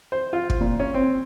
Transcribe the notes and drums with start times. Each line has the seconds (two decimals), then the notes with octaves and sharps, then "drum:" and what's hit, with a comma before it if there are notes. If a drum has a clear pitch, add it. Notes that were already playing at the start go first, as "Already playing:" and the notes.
0.12 C5
0.33 F4
0.50 drum: kick
0.61 A#2
0.80 C#4
0.94 C4